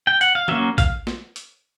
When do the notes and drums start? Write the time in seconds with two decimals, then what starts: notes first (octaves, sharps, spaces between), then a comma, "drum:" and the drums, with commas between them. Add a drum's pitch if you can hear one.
0.07 G5
0.21 F#5, drum: hi-hat
0.35 F5
0.48 F#3 A#3 C#4 E5, drum: tom E3
0.78 F5, drum: kick A#1, hi-hat
1.07 drum: snare
1.36 drum: hi-hat